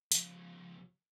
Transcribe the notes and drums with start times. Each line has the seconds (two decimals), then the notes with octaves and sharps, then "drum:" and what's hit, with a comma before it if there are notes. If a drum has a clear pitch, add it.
0.12 C#2 F3, drum: hi-hat